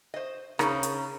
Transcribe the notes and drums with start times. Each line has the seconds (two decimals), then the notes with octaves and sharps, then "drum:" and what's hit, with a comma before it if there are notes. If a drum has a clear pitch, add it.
0.14 C5 D#5
0.59 C#3 D#4 A#4 B5 C#6, drum: rim click
0.83 drum: hi-hat